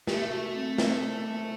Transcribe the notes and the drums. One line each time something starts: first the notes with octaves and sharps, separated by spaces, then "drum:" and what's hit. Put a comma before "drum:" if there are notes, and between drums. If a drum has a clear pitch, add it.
A3 G4, drum: snare
F#4
C4
drum: snare